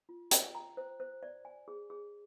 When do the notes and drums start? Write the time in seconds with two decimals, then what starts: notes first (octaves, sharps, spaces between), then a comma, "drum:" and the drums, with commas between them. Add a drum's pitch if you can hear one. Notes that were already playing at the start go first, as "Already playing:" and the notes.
0.09 F4
0.31 G5, drum: hi-hat
0.55 A#5
0.77 C5
1.00 C5
1.23 D5
1.45 G#5
1.68 G#4
1.90 G#4